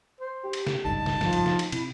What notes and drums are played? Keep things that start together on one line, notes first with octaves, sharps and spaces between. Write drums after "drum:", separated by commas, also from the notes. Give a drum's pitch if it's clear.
C5
G4
drum: cymbal
drum: snare
G#1 C#2 G2 D#4 A5
drum: snare
F3, drum: snare
drum: cymbal
drum: snare
drum: cymbal
C3 E4, drum: cymbal